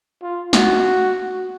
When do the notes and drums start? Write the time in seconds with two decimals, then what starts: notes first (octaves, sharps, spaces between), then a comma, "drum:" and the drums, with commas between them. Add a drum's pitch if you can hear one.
0.22 F4
0.53 F#4, drum: snare